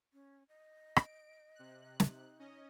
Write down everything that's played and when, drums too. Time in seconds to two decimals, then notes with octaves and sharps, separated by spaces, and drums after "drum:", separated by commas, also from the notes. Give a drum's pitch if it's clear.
0.13 C#4
0.49 D#5
0.96 D7, drum: rim click
1.55 C3 F#6
2.00 D#4, drum: snare
2.39 C#4 D#5